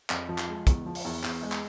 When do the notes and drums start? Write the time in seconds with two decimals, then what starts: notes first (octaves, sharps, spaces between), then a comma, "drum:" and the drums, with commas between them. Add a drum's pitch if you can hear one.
0.10 F2, drum: clap
0.29 F3
0.38 drum: clap
0.48 G#3
0.67 E2, drum: kick, hi-hat
0.86 F3
0.95 drum: open hi-hat
1.05 E2
1.24 E2, drum: clap
1.43 G#3
1.52 drum: clap